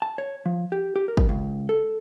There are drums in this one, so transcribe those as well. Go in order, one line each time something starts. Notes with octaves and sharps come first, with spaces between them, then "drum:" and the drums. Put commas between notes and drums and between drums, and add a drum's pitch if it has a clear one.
A5
C#5
F3
G4
G4
A#4
drum: kick
C#2
A4